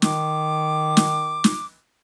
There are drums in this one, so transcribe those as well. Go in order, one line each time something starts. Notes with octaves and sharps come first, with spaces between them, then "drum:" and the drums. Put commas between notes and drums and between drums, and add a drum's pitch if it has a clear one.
D#3 D6, drum: snare
drum: snare
drum: snare